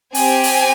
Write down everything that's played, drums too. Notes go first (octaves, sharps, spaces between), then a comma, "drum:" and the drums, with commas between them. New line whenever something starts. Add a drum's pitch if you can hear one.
C4 G4 G#5, drum: open hi-hat
drum: open hi-hat